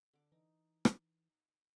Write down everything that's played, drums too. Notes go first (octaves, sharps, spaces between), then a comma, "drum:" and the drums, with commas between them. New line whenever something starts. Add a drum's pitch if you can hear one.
D3 D6
E3 D#4
drum: rim click